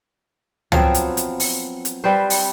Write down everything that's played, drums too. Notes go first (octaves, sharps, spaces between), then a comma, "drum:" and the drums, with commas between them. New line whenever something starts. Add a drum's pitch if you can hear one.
F3 F#3 B3 C4, drum: tom
drum: hi-hat
drum: hi-hat
drum: open hi-hat
drum: hi-hat
G3 C4 B4 C5
drum: open hi-hat